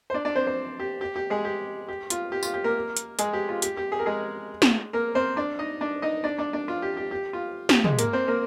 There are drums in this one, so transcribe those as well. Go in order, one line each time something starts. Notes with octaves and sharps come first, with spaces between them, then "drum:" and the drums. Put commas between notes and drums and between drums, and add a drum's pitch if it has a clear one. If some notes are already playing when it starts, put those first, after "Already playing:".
C5
D4 D5
D4 D5
C4 C5
C4 C5
G4
G4
G4
G#3 G#4
G4
G4
F4, drum: hi-hat
G4
F4, drum: tambourine
G4
A#3 A#4
drum: hi-hat
G#3 G#4, drum: hi-hat
G4
F4
G4, drum: hi-hat
G4
G#4
A#4
G#3 G#4
drum: snare
A#3 A#4
C4 C5
D4 D5
D#4 D#5
D4 D5
D#4 D#5
D4 D5
D4 D5
D4 D5
F4
G4
G4
G4
F4
G4, drum: snare
G#3 G#4, drum: tom
A#3 A#4, drum: hi-hat
C4 C5
A#3 A#4